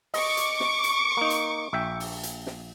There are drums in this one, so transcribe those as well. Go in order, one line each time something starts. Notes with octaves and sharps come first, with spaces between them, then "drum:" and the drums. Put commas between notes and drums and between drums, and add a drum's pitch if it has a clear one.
D#5 C#6 D6, drum: open hi-hat
drum: hi-hat
drum: snare
drum: hi-hat
A#3 D#4
drum: hi-hat
A#1 E5 G5
drum: open hi-hat
drum: hi-hat
drum: snare